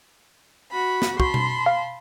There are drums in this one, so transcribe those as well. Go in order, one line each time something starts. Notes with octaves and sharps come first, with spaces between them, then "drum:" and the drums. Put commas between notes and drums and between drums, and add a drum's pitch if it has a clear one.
F#4 B5
drum: snare
F#4 A5 B5 C6, drum: kick
drum: tom B2
F5